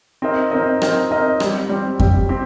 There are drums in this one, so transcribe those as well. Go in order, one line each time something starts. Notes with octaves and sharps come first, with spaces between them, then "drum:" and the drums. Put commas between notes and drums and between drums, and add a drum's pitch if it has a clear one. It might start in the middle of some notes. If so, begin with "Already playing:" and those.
C4 D#4 A#4 D#5
C4 D#4 A#4 D#5
C4 D#4 A#4 D#5, drum: rim click
C4 D#4 A#4 D#5
G3 C4 G4, drum: rim click
G3 C4 G4
G3 C4 G4, drum: kick F2
C4 G4